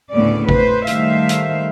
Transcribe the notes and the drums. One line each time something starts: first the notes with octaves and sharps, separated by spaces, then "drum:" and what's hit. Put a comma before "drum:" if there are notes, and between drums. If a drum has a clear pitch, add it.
D2 A2 C#3 B3 C#4 D5
B4 C5, drum: kick
D#3 G3 A3 C5 E5 F5, drum: hi-hat
drum: hi-hat